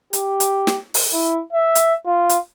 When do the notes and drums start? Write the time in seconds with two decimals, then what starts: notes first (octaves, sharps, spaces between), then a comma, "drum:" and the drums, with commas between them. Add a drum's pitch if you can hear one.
0.13 G4, drum: hi-hat
0.40 drum: hi-hat
0.67 drum: snare
0.94 drum: open hi-hat
1.13 E4
1.53 E5
1.75 drum: hi-hat
2.06 F4
2.29 drum: hi-hat